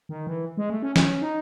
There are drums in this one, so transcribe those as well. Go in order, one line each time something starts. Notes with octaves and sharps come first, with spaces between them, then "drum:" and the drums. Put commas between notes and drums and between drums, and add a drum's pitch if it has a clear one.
D#3
E3
G#3
A3
C#4
C#4, drum: snare
D#4